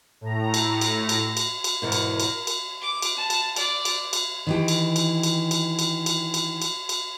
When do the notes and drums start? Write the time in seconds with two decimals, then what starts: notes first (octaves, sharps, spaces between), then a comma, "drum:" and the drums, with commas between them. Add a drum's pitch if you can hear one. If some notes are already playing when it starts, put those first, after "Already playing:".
0.21 A2 A#5
0.54 drum: cymbal
0.81 drum: cymbal
1.09 drum: cymbal
1.37 drum: cymbal
1.64 drum: cymbal
1.82 E2 G#2 B2 A#4
1.92 drum: cymbal
2.20 drum: cymbal
2.47 drum: cymbal
2.81 D6
3.02 drum: cymbal
3.16 A5
3.30 drum: cymbal
3.56 D5, drum: cymbal
3.85 drum: cymbal
4.13 drum: cymbal
4.47 D#3 E3 G4
4.68 drum: cymbal
4.96 drum: cymbal
5.23 drum: cymbal
5.51 drum: cymbal
5.79 drum: cymbal
6.06 drum: cymbal
6.34 drum: cymbal
6.62 drum: cymbal
6.89 drum: cymbal